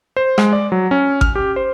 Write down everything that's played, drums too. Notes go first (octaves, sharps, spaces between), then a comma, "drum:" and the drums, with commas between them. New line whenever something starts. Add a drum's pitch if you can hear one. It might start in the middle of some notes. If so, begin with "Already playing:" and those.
C5
G#3, drum: rim click
D5
F#3
C#4
F6, drum: kick G#1
G4
C5